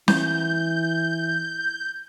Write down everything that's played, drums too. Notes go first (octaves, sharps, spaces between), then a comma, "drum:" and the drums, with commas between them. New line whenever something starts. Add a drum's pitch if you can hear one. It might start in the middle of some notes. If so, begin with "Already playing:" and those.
E3 G6, drum: snare